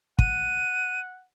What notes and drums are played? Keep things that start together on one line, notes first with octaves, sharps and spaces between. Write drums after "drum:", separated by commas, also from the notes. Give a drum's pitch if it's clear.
F#5 D#7, drum: kick